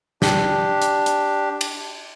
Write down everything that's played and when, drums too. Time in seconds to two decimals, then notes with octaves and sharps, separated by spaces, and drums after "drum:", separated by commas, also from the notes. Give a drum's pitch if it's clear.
0.22 D4 G4, drum: snare
0.82 drum: hi-hat
1.06 drum: hi-hat
1.61 drum: cymbal